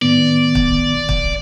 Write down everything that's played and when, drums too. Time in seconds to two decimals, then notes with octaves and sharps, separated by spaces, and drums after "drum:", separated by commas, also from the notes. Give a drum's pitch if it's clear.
0.02 A2 D#3 B3 D5
0.55 drum: kick
1.09 drum: kick